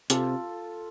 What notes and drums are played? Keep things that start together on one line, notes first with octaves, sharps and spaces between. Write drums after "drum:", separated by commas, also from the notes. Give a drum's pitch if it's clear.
C3 F4 A4, drum: hi-hat